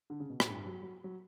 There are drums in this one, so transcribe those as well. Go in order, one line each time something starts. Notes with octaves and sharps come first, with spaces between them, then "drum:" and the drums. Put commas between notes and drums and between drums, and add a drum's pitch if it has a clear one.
D3
C#3
B2
A2, drum: rim click
G2
F#3
F#3
F#3